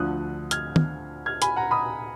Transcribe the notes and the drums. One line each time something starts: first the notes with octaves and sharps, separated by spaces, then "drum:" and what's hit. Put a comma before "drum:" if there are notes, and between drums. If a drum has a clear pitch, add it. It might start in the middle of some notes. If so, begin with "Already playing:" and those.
Already playing: D2 D3 F3 D#6 F#6
F6 G#6, drum: hi-hat
drum: tom
F6 G#6
G#5 B5, drum: hi-hat
F#5 A#5
B5 D#6